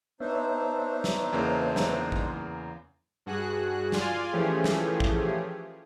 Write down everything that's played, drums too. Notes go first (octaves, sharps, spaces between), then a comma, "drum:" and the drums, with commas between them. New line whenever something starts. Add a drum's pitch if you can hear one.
B3 D4 D#4 C5 C#5 E5
drum: snare
E2 C#3 A#3
drum: snare
drum: kick
G2 F#4 G#4 F#6
F4 D5 F5 G#5 C6, drum: snare
E3 F3 A3 C#4 G4 G#4
drum: snare
drum: kick